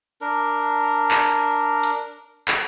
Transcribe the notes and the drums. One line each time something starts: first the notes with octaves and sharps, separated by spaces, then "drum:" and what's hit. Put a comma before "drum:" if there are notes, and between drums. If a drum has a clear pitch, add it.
D4 A#4
drum: clap
drum: hi-hat
drum: clap